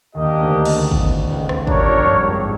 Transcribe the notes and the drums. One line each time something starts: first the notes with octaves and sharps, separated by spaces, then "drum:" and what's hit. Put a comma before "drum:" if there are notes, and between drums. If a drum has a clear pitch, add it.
D#2 D#3 A#3 D4 G4 A#4 D#5
D2 D3
C#2 C#3, drum: cymbal
B2, drum: kick
C#2 C#3
drum: rim click
D4 G4 A#4 C#5, drum: kick
F2 F3
G2 G3
G#2 G#3